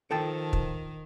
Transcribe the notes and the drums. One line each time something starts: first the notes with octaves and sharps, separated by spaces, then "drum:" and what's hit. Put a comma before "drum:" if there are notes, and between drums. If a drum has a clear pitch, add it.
D#3 F3 A4 G5 A5
drum: kick